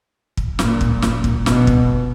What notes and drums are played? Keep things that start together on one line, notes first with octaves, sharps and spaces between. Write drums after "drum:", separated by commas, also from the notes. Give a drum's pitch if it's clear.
drum: kick
A#2, drum: snare
drum: kick
drum: snare
drum: kick
B2, drum: snare
drum: kick